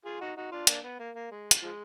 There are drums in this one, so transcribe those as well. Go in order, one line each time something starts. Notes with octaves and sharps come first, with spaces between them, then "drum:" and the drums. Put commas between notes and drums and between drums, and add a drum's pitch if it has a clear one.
F4 G#4
D#4 F#4
D#4 F#4
D4 F4
A#3 D4, drum: hi-hat
B3
A#3
A#3
G#3
drum: hi-hat
F3 G#3